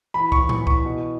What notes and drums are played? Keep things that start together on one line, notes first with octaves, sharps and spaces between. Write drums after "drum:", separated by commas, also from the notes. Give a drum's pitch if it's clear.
E3 B5
C#6, drum: kick
E3
drum: tom A2
E3
C#6, drum: kick
B2